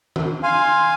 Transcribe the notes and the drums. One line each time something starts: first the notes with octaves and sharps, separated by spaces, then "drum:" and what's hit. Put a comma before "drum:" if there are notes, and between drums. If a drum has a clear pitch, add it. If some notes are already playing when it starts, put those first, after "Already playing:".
drum: tom D#3
F5 G#5 C6